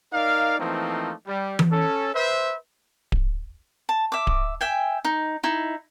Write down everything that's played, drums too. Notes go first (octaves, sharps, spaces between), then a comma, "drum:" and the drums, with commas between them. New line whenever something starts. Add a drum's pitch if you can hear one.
D#4 A#4 D5 F5
E3 F3 A3 A#3 C4 D#4
G3
drum: tom E3
C#4 A4
B4 C5 E5
drum: kick D1
A5
E5 D6
drum: kick D1
E5 G5 G#5
D#4
D#4 E4